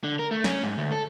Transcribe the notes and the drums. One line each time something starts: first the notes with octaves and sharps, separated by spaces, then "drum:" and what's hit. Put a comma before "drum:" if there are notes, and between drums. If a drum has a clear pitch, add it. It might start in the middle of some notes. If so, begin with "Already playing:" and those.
D3
A#4
A3
C#4, drum: snare
G#2
D2
A4